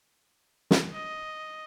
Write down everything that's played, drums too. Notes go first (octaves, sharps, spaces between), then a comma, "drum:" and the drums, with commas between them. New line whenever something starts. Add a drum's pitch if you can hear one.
drum: snare
D#5